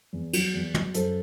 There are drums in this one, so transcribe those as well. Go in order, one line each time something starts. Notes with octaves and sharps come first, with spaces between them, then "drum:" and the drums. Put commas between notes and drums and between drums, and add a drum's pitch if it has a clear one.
E2
F#3, drum: cymbal
E2
F#3, drum: tom
F#2 A4 C5, drum: hi-hat